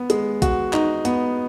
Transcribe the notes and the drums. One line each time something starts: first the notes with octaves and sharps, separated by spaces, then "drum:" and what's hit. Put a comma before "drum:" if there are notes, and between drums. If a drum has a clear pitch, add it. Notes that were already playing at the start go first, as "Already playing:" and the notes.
Already playing: B3
G#3, drum: hi-hat
F#4, drum: kick A#1, hi-hat
D#4, drum: clap
B3, drum: hi-hat